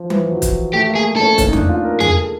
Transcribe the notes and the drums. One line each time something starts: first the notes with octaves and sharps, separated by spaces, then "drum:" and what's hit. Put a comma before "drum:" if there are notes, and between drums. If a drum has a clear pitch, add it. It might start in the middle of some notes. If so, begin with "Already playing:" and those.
Already playing: F3
E3, drum: tom F#3
F#3
drum: kick, hi-hat
A3 G4
A#3
G#4
C#4 A4
C#4, drum: kick, hi-hat
D#4
D4, drum: tom E2
F4
A#4
G#4 A#4, drum: tom E2
A4